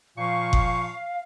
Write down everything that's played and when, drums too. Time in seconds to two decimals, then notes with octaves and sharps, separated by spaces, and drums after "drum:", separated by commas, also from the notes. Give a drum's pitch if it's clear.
0.17 A#2 F3 F5 C#6
0.53 drum: kick F#1